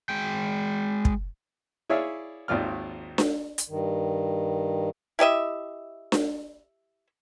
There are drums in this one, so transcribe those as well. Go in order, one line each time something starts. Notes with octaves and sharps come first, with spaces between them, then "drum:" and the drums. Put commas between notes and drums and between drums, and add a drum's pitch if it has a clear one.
G#3 G5
drum: kick
E4 G#4 C#5 D5 E5 F5
G#1 D#2 F4 D5 F6
drum: snare D4
drum: hi-hat
G2 D#3
E4 G4 D#5 E5
drum: snare D4